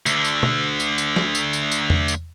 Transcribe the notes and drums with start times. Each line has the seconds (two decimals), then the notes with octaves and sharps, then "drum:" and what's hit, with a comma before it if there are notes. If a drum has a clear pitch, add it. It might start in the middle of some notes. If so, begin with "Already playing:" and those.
0.06 D2 D3, drum: tambourine
0.25 drum: tambourine
0.43 drum: tom
0.80 drum: tambourine
0.98 drum: tambourine
1.16 drum: snare
1.35 drum: tambourine
1.53 drum: tambourine
1.71 drum: tambourine
1.90 drum: tom E2
2.08 drum: tambourine